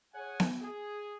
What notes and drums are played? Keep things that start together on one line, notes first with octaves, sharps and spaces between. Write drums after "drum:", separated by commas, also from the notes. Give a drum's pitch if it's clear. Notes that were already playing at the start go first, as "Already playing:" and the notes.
G#4 C#5 F#5 G#5
drum: snare B3
G#4